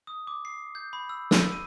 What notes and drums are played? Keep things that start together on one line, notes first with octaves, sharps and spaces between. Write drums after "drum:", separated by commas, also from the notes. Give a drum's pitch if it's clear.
D#6
D6
C7
G6
B5
E6
E6, drum: snare
D#7